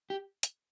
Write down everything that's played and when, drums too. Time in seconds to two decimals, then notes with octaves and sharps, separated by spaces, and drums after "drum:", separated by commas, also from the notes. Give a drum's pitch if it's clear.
0.10 G4
0.43 drum: hi-hat